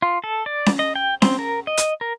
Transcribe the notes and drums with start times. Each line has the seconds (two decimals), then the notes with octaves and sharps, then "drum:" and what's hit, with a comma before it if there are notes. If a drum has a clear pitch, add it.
0.02 F4
0.24 A4
0.46 D5
0.66 drum: snare C#4
0.79 D#5
0.96 G5
1.22 C4, drum: snare C#4
1.39 A#4
1.67 D#5
1.77 drum: hi-hat
2.01 A#4